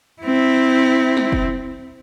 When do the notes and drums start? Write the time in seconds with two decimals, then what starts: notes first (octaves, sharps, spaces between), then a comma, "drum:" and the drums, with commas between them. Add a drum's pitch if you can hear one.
0.22 C4 E4
1.17 drum: snare
1.32 drum: kick